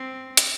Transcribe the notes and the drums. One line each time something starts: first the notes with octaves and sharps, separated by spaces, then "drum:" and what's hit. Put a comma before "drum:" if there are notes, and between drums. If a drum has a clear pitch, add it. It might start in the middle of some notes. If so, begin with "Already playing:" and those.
Already playing: C4
drum: hi-hat